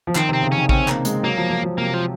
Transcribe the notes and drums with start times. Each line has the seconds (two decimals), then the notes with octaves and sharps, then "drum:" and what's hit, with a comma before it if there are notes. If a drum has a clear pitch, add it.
0.07 F3
0.15 D#3 C4, drum: clap
0.29 C3 C4
0.42 C#3
0.52 C#4
0.57 D#3
0.69 C4 C#4, drum: kick A1
0.88 A#3, drum: clap
1.05 G#3, drum: hi-hat
1.23 F#3 A#3
1.37 F3
1.50 F3
1.64 F3
1.78 C3 A#3
1.94 F3